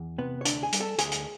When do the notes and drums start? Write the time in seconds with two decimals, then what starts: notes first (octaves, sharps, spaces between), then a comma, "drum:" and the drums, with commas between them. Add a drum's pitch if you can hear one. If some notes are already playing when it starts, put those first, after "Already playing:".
Already playing: E2
0.18 C3 B3 B4
0.41 C#5
0.45 D2 D4 D5, drum: hi-hat
0.63 G#4 G#5
0.72 G3, drum: hi-hat
0.80 A4 A5
0.98 D2 G#4 G#5, drum: hi-hat
1.12 drum: hi-hat